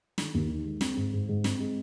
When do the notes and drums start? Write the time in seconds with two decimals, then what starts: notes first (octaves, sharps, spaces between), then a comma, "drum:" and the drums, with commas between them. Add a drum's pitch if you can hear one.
0.18 D#3, drum: snare
0.34 D#2
0.50 D#3
0.65 G#3
0.81 C4, drum: snare
0.97 G#2
1.13 G#2
1.29 G#2
1.44 C4, drum: snare
1.60 G#3